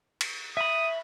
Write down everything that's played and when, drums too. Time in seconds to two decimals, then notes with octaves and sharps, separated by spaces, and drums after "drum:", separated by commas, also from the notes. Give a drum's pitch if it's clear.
0.21 drum: cymbal
0.57 E5 B5 D#6